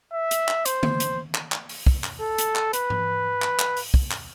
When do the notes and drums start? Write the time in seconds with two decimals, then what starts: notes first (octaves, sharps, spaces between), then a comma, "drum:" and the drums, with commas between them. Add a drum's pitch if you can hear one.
0.13 E5
0.31 drum: hi-hat
0.48 drum: clap
0.65 C5, drum: hi-hat
0.83 drum: tom D3
1.00 drum: hi-hat
1.35 drum: clap
1.52 drum: clap
1.69 drum: open hi-hat
1.86 drum: kick
2.04 drum: clap
2.20 A4
2.38 drum: hi-hat
2.56 drum: clap
2.73 B4, drum: hi-hat
2.90 drum: tom G#2
3.42 drum: clap
3.59 drum: clap
3.77 drum: open hi-hat
3.94 drum: kick
4.11 drum: clap